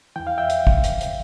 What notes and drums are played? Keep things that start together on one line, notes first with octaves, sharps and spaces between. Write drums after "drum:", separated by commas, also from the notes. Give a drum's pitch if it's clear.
E2 E3 G5
F5
E5 G5
drum: hi-hat
drum: kick
drum: hi-hat
drum: hi-hat